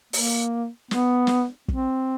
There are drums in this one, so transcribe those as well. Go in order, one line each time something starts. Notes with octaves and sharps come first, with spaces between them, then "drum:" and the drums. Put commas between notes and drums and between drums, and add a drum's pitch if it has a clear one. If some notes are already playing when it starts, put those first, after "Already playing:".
A#3, drum: open hi-hat
B3, drum: snare
drum: snare
C4, drum: kick